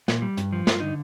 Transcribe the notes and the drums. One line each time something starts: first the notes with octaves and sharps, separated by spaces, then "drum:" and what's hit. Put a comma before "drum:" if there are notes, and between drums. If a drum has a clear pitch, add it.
A#2, drum: snare
G3
G2, drum: hi-hat
F3
G2 F4, drum: snare
D3 D#4